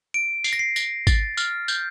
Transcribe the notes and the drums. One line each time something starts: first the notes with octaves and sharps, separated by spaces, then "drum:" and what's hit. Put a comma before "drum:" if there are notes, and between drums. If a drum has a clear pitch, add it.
D7
C7, drum: tambourine
A#6
C7
A#6, drum: tambourine
A6, drum: kick G#1, tambourine
F6, drum: tambourine
G6, drum: tambourine